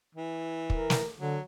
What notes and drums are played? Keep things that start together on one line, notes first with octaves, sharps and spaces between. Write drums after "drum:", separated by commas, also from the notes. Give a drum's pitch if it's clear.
E3
A#4, drum: kick
drum: snare
D3 F#3